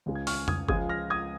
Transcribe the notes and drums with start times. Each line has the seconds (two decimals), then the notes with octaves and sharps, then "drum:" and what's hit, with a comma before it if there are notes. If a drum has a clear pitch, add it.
0.06 C#2 C#3 G#3
0.15 G#6
0.27 C#6 F6, drum: open hi-hat
0.48 D#6 G#6, drum: tom F2
0.69 C#2 C#3 F3 G#3 D#6 G#6, drum: kick G1
0.89 F6 A#6
1.10 D#6 G#6